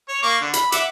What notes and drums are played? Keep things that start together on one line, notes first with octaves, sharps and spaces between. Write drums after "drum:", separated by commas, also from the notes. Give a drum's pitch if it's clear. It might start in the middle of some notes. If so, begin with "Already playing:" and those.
C#5
A#3 C#6 D6
D3
B5, drum: hi-hat
E5 F#5 D6, drum: hi-hat